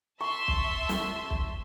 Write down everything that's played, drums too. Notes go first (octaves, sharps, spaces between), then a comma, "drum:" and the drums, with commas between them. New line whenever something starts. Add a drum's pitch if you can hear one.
E5 A5 C6 C#6
drum: kick
drum: snare
drum: kick